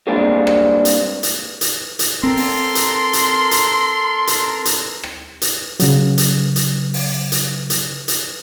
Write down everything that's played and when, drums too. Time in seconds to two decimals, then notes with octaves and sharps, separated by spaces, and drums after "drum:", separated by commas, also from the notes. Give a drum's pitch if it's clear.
0.07 G3 G#3 A#3 C4 D4 G4
0.47 drum: rim click
0.85 drum: hi-hat
1.23 drum: hi-hat
1.61 drum: hi-hat
1.99 drum: hi-hat
2.23 C4 A4 A#4 A#5 C6
2.37 drum: open hi-hat
2.75 drum: hi-hat
3.13 drum: hi-hat
3.51 drum: hi-hat
4.27 drum: hi-hat
4.65 drum: hi-hat
5.03 drum: rim click
5.42 drum: hi-hat
5.80 C#3 F#3, drum: hi-hat
6.18 drum: hi-hat
6.56 drum: hi-hat
6.94 drum: open hi-hat
7.32 drum: hi-hat
7.70 drum: hi-hat
8.08 drum: hi-hat